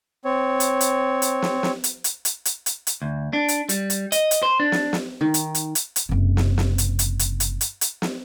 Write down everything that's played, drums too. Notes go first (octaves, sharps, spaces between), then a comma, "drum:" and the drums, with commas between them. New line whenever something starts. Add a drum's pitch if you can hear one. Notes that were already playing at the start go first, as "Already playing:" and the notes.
C4 C#5
drum: hi-hat
drum: hi-hat
drum: hi-hat
drum: snare
drum: snare
drum: hi-hat
drum: hi-hat
drum: hi-hat
drum: hi-hat
drum: hi-hat
drum: hi-hat
D2
D4
drum: hi-hat
G3, drum: hi-hat
drum: hi-hat
D#5, drum: hi-hat
drum: hi-hat
C5
D4
drum: snare
drum: snare
D#3
drum: hi-hat
drum: hi-hat
drum: hi-hat
drum: hi-hat
F#1 C3
drum: snare
drum: snare
drum: hi-hat
drum: hi-hat
drum: hi-hat
drum: hi-hat
drum: hi-hat
drum: hi-hat
drum: snare